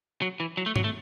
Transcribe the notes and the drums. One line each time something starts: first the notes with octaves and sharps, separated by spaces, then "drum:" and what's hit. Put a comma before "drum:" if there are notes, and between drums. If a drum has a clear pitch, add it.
F#3
E3
F#3
A3
F#3, drum: tom G#2
A3